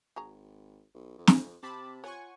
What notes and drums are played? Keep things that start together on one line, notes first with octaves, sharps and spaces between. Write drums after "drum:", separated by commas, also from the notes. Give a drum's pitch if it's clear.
G#1 F#4 G#4 A#5
B1
F2
drum: snare
C3 C4 A5 B5 D6
F4 C#5 F#5 G#5 C#6